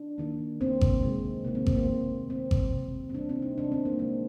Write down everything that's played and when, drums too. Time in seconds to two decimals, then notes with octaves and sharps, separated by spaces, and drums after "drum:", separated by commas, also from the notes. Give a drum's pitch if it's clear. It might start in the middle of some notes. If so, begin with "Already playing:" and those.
Already playing: D4
0.18 D#3 A#3
0.61 D#3 A#3 C4
0.81 drum: kick G#1
1.02 C3 D#3 G#3
1.44 C3 D#3 G#3 A#3
1.55 C4
1.66 C4, drum: kick G#1
1.76 A#3
1.87 D#3 A#3
2.29 D#3 A#3 C4
2.51 drum: kick G#1
2.72 C3 G3 A#3
3.10 C4
3.14 C3 G3 A#3 D4
3.29 C4
3.42 D#4
3.57 C3 D#3 G#3 D4
3.72 C4
3.85 A#3
3.99 C3 D#3 G#3 C4